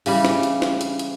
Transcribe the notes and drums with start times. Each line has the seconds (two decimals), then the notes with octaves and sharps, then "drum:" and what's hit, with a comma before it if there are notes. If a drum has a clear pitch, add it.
0.06 C#3 E3 G3, drum: open hi-hat
0.25 drum: snare
0.43 drum: hi-hat
0.62 drum: snare
0.81 drum: hi-hat
0.99 drum: hi-hat